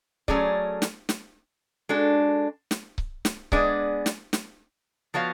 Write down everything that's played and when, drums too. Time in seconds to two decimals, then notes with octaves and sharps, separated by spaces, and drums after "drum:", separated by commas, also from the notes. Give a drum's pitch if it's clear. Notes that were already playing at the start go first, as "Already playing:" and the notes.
0.28 F#3 A3 C#4 G#4 D5, drum: kick C#1
0.82 drum: snare
1.09 drum: snare
1.89 G#3 D4 F#4 A4
2.71 drum: snare
2.98 drum: kick C#1
3.25 drum: snare
3.52 G#3 B3 D4 G#4 D5, drum: kick C#1
4.06 drum: snare
4.33 drum: snare
5.14 F3 B3 F#4 C#5 F5